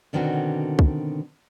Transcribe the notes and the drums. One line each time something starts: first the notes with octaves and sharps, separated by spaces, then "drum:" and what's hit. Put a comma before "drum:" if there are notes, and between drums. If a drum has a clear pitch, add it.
B2 D3 D#3 C4 F#4
drum: kick